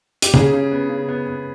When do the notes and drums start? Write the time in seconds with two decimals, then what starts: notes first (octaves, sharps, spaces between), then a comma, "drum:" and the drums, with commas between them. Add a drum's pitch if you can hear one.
0.22 G4, drum: hi-hat
0.34 C#3 G#4, drum: tom
0.53 C#3
0.72 B3
0.90 C#3
1.08 B3
1.27 B3